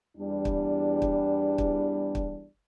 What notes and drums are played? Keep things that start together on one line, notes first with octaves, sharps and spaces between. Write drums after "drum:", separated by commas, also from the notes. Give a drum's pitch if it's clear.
E2 G3 D4
drum: kick
drum: kick
drum: kick
drum: kick